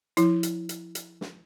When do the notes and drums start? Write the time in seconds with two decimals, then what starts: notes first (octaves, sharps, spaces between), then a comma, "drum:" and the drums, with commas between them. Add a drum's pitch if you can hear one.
0.17 F3 E4, drum: hi-hat
0.43 drum: hi-hat
0.69 drum: hi-hat
0.95 drum: hi-hat
1.21 drum: snare